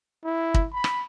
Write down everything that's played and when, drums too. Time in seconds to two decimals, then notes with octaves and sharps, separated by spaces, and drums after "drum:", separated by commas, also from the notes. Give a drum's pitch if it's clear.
0.25 E4
0.54 drum: kick
0.73 B5
0.84 drum: rim click